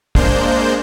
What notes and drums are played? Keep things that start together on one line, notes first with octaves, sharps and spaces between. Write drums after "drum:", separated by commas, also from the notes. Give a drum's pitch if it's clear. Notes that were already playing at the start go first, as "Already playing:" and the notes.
G#3 A#3 D4 C5 G6, drum: kick